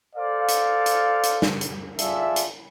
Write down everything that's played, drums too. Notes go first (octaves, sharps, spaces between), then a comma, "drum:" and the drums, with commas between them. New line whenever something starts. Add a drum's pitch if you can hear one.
A4 C5 D5 F5
drum: hi-hat
drum: hi-hat
drum: hi-hat
drum: snare
drum: hi-hat
F4 G#4 A4 D5 E5, drum: hi-hat
drum: hi-hat